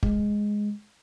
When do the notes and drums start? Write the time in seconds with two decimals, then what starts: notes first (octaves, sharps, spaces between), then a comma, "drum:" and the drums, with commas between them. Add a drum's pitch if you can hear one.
0.03 G#3, drum: kick